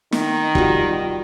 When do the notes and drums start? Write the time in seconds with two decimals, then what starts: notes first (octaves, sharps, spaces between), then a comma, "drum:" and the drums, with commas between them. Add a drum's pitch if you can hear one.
0.12 D#3, drum: snare
0.55 G3 F4 F#4, drum: kick